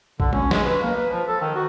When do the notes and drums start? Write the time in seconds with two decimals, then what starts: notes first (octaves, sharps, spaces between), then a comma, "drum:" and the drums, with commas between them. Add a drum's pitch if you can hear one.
0.20 D3, drum: kick A#1
0.33 C#4, drum: tom G#3
0.51 G#3, drum: snare
0.64 B4
0.81 A#3
0.96 B4
1.11 F3
1.28 A4
1.41 D#3
1.55 F#4